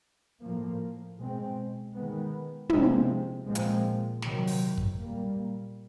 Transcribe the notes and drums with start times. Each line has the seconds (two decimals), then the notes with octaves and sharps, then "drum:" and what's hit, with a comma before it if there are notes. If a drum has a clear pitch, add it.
0.41 A2 F3 A#3
1.17 B2 G#3 C4
1.94 D#3 G#3 B3
2.69 C3 F3 G#3 C4, drum: tom
3.46 A#2 F3 G#3 C4
3.55 drum: hi-hat
4.22 C3 D#3 F#3, drum: snare
4.47 drum: open hi-hat
4.78 drum: kick
4.99 A#2 G3 A#3